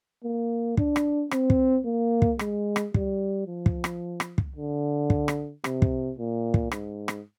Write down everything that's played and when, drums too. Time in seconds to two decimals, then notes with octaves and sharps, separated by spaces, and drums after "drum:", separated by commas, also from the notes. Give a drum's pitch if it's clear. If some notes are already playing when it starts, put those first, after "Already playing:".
0.24 A#3
0.77 D4, drum: kick
0.96 drum: rim click
1.31 C4, drum: rim click
1.50 drum: kick
1.85 A#3
2.22 drum: kick
2.39 G#3, drum: rim click
2.76 drum: rim click
2.94 G3, drum: kick
3.47 F3
3.66 drum: kick
3.84 drum: rim click
4.20 drum: rim click
4.38 drum: kick
4.56 D3
5.10 drum: kick
5.28 drum: rim click
5.64 C3, drum: rim click
5.82 drum: kick
6.18 A#2
6.54 drum: kick
6.71 G#2, drum: rim click
7.08 drum: rim click